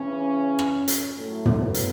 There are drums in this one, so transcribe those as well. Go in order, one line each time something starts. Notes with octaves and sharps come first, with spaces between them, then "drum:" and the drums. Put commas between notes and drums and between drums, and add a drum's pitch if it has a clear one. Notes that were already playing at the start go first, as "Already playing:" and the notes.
Already playing: C#3 E3 C#4
drum: rim click
drum: hi-hat
A2 F#3 A3
drum: tom
B3
drum: hi-hat